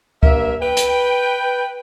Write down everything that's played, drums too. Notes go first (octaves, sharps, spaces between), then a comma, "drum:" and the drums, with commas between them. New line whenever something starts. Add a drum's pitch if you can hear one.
G2 A#3 A#4 E5, drum: kick C#2
B4 G5
drum: hi-hat